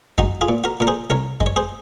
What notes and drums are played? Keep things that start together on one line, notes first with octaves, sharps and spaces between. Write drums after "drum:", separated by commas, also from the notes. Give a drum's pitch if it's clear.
G#3 D#4 F#4, drum: kick F#2
F4 G#4
A#2
F#4 A#4
A#2 A#4
G#4 C5
C2 A#4 C#5
G#3, drum: kick F#2
C#5
G#4 C5